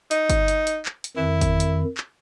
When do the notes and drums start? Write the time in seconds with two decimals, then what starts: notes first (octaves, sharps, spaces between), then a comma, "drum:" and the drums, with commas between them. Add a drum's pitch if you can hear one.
0.11 D#4, drum: hi-hat
0.30 drum: kick G1, hi-hat
0.48 drum: hi-hat
0.67 drum: hi-hat
0.85 drum: clap
1.04 drum: hi-hat
1.17 F2 D#3 E4
1.41 drum: kick G1, hi-hat
1.60 drum: hi-hat
1.97 drum: clap